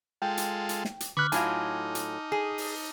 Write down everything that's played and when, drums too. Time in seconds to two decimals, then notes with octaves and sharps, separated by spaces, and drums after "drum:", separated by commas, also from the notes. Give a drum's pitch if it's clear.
0.22 G#3 F4 A4 G5
0.37 drum: hi-hat
0.69 drum: hi-hat
0.85 drum: snare
1.00 drum: hi-hat
1.17 D3 B4 B5 C#6 D6 F6 F#6
1.32 A2 F#3 D#4 F4 G#5 A5, drum: hi-hat
1.95 drum: hi-hat
2.32 G#4
2.58 drum: open hi-hat